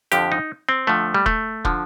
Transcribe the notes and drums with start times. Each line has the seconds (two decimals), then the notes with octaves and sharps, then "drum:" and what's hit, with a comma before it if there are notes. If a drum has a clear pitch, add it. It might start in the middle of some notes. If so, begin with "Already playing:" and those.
0.12 F2 D3 F3 G4, drum: hi-hat
0.32 D#4
0.69 C4
0.87 F2 D3 F3 A3
1.14 G3
1.26 A3, drum: kick
1.65 D3 F3, drum: kick